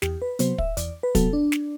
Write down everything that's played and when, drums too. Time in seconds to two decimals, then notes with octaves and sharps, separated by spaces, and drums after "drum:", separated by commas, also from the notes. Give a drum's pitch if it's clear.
0.02 E2 G4, drum: snare
0.22 B4
0.39 C3 F#3 B3 C5, drum: hi-hat
0.58 E5, drum: kick
0.77 E2 D5, drum: hi-hat
1.03 B4
1.15 C3 F#3 B3 A4, drum: kick, hi-hat
1.33 D4
1.52 drum: snare